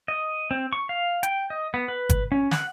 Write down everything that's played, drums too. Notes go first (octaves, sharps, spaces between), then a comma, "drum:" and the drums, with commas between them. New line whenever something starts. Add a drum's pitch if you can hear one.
D#5
C4
C#6
F5
G5, drum: hi-hat
D#5
B3
B4
drum: kick G1, hi-hat
C#4
F#5, drum: snare